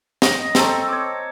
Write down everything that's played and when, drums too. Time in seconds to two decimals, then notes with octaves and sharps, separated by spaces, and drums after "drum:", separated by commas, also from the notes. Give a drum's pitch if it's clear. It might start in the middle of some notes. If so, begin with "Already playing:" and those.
0.22 D#5, drum: snare
0.55 C4 A4 A#5 C#6, drum: snare
0.88 C#5 D6